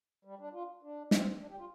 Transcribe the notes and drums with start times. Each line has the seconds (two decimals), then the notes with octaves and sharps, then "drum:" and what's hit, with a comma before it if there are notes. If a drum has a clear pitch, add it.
0.25 G3
0.39 D4
0.53 F4
0.83 D4
1.11 C4, drum: snare
1.40 D4
1.49 G4
1.59 F4